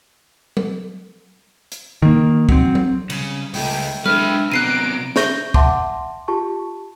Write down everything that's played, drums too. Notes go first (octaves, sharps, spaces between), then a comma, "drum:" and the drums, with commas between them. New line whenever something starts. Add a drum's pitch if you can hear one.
drum: tom F#3
drum: hi-hat
D#3 A#3
F#3 C4, drum: kick
drum: tom F#3
C#3 G3, drum: cymbal
C#2 A3 G5, drum: open hi-hat
G#3 D4 B4 E5 G5 F6, drum: tom F#3
C3 F#3 B3 A#5 F#6 C7 D7 D#7
C5 E5 C#6 G6 A#6 G7, drum: snare
E5 F#5 A5 C6 D6, drum: kick
F4 G4 A5 C#6